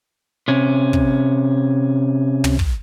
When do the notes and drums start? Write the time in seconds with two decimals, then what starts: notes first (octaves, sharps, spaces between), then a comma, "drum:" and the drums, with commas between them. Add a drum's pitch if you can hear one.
0.48 C3 C#4
0.93 drum: kick
2.44 drum: tom
2.59 drum: kick